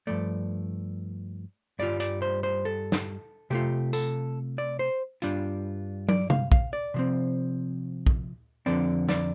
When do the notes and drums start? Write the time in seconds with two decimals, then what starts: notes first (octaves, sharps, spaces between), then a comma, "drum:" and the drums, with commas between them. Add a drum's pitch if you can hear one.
0.07 G2 F3 A3 D5
1.79 G2 G3 F4 D5
2.00 D5, drum: hi-hat
2.22 C5
2.43 C5
2.65 A4
2.92 drum: snare
3.50 C3 A3 F4 G4
3.93 A4, drum: tambourine
4.58 D5
4.79 C5
5.22 G2 G3 D4 F4, drum: hi-hat
6.09 D5, drum: tom
6.30 F5, drum: tom C3
6.52 F5, drum: kick
6.73 D5
6.94 C3 F3 C4
8.06 drum: kick
8.66 F2 D3 F3 C4 D5
9.09 D5, drum: snare